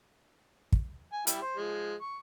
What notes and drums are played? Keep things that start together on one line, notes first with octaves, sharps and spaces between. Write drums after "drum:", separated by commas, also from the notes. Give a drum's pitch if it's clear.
drum: kick
G#5
G3 E4 G4, drum: hi-hat
C5
F3 G#3
C#6